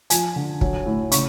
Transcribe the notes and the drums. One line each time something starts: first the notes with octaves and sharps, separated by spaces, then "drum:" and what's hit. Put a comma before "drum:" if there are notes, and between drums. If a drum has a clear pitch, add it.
F3 G#5, drum: hi-hat
D3
F#3, drum: kick
A2
C#3 C#6, drum: hi-hat